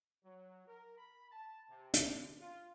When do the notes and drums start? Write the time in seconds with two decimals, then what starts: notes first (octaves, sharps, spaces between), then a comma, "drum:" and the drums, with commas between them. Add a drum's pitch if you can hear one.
0.24 F#3
0.67 A#4
0.98 B5
1.32 A5
1.69 C3
1.94 drum: hi-hat
2.06 D3
2.41 F4